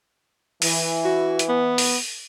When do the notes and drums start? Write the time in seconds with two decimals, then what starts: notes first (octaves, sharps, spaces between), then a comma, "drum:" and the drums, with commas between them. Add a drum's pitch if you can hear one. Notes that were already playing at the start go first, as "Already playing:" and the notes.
0.62 E3, drum: open hi-hat
1.05 F#4
1.39 drum: hi-hat
1.49 B3
1.78 drum: open hi-hat